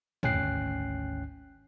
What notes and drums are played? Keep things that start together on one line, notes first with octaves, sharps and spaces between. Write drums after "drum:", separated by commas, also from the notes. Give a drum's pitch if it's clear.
G#1 D2 C#4 G5 F#6 C7, drum: tom